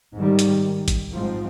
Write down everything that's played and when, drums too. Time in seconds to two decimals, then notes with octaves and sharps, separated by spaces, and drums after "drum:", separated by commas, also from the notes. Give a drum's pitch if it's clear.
0.14 G#2 D#3 G3
0.39 drum: hi-hat
0.88 drum: kick G#1, hi-hat
1.12 G#2 F3 C4